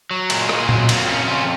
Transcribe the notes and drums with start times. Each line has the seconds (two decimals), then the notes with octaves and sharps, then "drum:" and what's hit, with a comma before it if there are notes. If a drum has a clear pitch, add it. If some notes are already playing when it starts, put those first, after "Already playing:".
0.11 F#3
0.30 A#2 G#3, drum: cymbal
0.49 A#2, drum: rim click
0.60 G#3
0.69 F#3, drum: tom A#2
0.89 F2 A#3, drum: cymbal
1.08 C#3 A#3 C#4
1.28 F2 C#4 F4